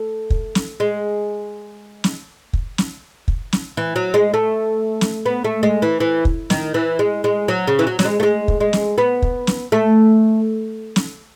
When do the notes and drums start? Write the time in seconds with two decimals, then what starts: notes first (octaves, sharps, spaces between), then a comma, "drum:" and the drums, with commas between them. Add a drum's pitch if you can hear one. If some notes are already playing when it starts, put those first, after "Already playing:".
Already playing: A3
0.30 drum: kick
0.55 drum: snare
0.80 G#3
2.04 drum: snare
2.53 drum: kick
2.78 drum: snare
3.28 drum: kick
3.53 drum: snare
3.77 E3
3.96 F#3
4.14 G#3
4.34 A3
5.01 drum: snare
5.26 B3
5.44 A3
5.63 G#3
5.82 E3
6.00 E3
6.25 drum: kick
6.50 D#3, drum: snare
6.74 E3
6.99 G#3
7.24 G#3
7.48 F#3
7.67 C#3
7.79 E3
7.87 F#3
7.99 F#3, drum: snare
8.05 G#3
8.20 A3
8.23 G#3
8.48 drum: kick
8.60 G#3
8.73 drum: snare
8.98 B3
9.22 drum: kick
9.47 drum: snare
9.72 A3
10.96 drum: snare